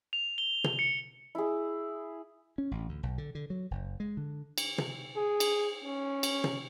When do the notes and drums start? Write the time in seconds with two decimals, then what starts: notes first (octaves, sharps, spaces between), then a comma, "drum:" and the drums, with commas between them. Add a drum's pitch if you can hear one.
0.13 F7
0.38 G7
0.64 drum: tom
0.79 C#7
1.35 E4 G#4
2.58 C#4
2.71 A1
2.89 D2
3.03 B1
3.18 D3
3.35 D3
3.50 F#3
3.71 F#1
4.00 G#3
4.17 D3
4.58 drum: cymbal
4.78 drum: tom
5.16 G#4
5.40 drum: cymbal
5.84 C#4
6.23 drum: cymbal
6.44 drum: tom